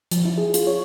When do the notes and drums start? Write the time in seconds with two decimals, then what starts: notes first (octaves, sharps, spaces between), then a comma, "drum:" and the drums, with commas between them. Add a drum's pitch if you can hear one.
0.11 F3, drum: hi-hat
0.25 E4
0.38 G#4
0.54 F4, drum: hi-hat
0.67 C#5